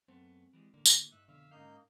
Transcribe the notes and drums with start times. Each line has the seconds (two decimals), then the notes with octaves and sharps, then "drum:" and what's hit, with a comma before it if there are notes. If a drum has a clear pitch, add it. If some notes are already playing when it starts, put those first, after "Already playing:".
0.08 F#2 A3 B3 C4
0.53 E3 G3 G#3
0.74 A2 D3 A#3
0.86 drum: tambourine
1.12 G2 D#4 E5 F#6
1.28 F2 B2 D3 E5 F5
1.51 G#2 A#3 C#4 D#4 F5 G6